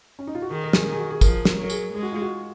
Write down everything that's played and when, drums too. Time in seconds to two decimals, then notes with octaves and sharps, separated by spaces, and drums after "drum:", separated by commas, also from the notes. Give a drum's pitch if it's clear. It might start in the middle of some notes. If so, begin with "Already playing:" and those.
0.19 C#4
0.27 D#4
0.35 F4
0.42 F#4
0.50 D#3 G#4
0.64 A#4
0.73 G#4, drum: snare
0.86 D#3
0.93 G#4
0.98 F#4
1.10 G#4
1.21 F3 A#4, drum: kick, tambourine
1.45 A#4, drum: snare
1.57 F#3
1.63 A#4
1.70 G#4, drum: tambourine
1.94 G#3 G#4
2.03 F#4
2.12 F4
2.22 F#4